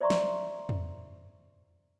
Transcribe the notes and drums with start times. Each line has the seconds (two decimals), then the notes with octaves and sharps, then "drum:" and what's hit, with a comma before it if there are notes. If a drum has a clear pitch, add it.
0.01 C5 D5 E5 A#5 C6 C#6
0.10 drum: snare
0.69 drum: tom